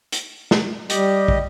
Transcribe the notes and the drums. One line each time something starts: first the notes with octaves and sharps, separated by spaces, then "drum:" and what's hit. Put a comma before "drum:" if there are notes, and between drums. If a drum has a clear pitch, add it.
drum: hi-hat
drum: snare
G3 G4 D#5, drum: hi-hat
drum: kick